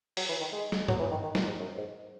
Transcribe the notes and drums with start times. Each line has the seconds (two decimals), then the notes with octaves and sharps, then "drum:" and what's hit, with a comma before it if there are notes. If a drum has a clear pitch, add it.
0.17 F#3, drum: open hi-hat
0.29 E3
0.40 D#3
0.53 G#3
0.72 drum: snare
0.88 F#3, drum: tom G2
0.99 E3
1.11 D#3
1.23 D#3
1.35 A#2, drum: snare
1.47 G#2
1.59 F#2
1.78 G#2